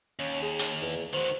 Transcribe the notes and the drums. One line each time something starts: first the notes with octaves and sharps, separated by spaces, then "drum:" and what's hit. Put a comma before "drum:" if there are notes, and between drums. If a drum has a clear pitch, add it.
D#2 C#4
G#4
drum: hi-hat
E2
D#3 F#4 C5